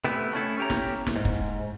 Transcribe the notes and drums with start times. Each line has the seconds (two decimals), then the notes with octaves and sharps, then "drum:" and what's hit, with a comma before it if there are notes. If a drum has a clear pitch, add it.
0.04 C3 A3 B3 E4
0.33 A3 C#4 E4 A4
0.58 C#4 G4 A#5
0.70 drum: snare
1.07 drum: snare
1.16 G#2
1.25 drum: kick